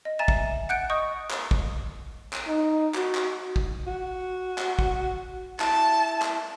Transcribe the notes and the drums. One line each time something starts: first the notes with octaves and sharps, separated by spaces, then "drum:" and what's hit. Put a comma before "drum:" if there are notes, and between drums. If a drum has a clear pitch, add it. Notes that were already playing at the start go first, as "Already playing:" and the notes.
D#5
E5 G#5 A#5 A6 E7
drum: kick
F#5 F#6 G6 C#7 D7
D#5 C#6 D#6 G6
drum: clap
drum: kick
drum: clap
D#4
F#4, drum: clap
drum: clap
drum: kick
F#4
drum: clap
drum: kick
E4 A5, drum: clap
drum: clap